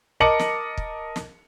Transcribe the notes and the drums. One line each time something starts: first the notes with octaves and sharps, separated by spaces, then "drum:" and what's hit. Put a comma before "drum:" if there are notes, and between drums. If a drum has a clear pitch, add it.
A#4 D#5 A5 D6 C#7 F#7
drum: snare
drum: kick
drum: snare